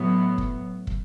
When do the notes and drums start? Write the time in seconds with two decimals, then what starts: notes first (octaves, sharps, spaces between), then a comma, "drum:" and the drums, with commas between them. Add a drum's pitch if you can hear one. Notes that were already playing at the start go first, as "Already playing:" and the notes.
Already playing: A2 F#3 B3
0.38 drum: kick
0.87 drum: kick